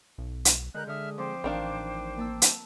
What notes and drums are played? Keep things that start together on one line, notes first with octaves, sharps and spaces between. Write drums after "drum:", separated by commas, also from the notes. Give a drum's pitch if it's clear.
B1
drum: hi-hat
D3 G#3 A#4 F#6 G6
D3 E5 D#6 F6
F3 C4 C5 G5 C6 D6
A1 D#3 D4 F5
A#3 A5 E6
drum: hi-hat